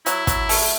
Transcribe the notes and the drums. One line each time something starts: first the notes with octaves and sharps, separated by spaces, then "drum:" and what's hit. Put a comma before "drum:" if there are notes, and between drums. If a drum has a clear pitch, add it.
F#3 E4, drum: hi-hat
F#3, drum: kick, hi-hat
A3, drum: open hi-hat